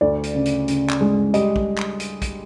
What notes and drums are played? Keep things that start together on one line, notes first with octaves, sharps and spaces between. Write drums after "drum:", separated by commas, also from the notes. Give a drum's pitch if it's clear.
D2 D5
drum: hi-hat
C#3
drum: hi-hat
C#3, drum: hi-hat
drum: clap
G#3
G3 D#5, drum: hi-hat
drum: kick
drum: clap
drum: hi-hat
drum: kick, hi-hat